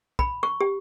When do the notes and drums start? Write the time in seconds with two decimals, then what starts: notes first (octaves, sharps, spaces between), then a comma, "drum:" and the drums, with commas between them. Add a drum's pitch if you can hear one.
0.19 B5, drum: kick
0.43 C#6
0.61 G4